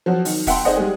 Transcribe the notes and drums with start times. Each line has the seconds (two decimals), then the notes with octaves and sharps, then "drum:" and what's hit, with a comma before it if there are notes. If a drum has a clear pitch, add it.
0.06 F3 F#3 F#4
0.25 D#3, drum: open hi-hat
0.47 E5 F#5 G5 A5 C6, drum: kick, open hi-hat
0.65 D#4 G#4 C5 D5 D#5 F#5
0.76 G3 G#3 G#4